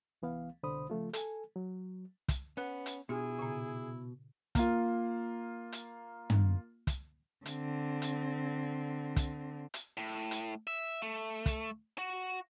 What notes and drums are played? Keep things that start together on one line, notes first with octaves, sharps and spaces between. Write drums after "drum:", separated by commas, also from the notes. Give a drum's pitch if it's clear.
C2 E3 B3 F5
C2 B2 D3 C5 B5 D#6
C#3 F3 A3 F4
A4 G#5, drum: hi-hat
F#3
drum: kick, hi-hat
B3 C#4 F#5 F#6
drum: hi-hat
B2 D4 E4 F4 G4 G#4
A#2 C#3
A#3 F4, drum: kick, hi-hat
drum: hi-hat
drum: tom
drum: kick, hi-hat
D3 C4, drum: hi-hat
drum: hi-hat
drum: kick, hi-hat
drum: hi-hat
A2
drum: hi-hat
E5
A3
drum: kick, hi-hat
F#4